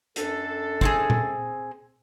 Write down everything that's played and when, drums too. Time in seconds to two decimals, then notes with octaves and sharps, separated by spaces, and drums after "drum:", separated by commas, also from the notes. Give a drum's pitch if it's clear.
0.16 F#2 D4 A4, drum: hi-hat
0.81 C4 E4 G#4, drum: kick
1.10 drum: tom A#2